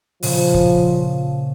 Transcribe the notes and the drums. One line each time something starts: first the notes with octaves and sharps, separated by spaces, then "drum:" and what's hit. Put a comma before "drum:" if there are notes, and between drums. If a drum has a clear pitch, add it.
A#2 C#3 F3, drum: open hi-hat
drum: kick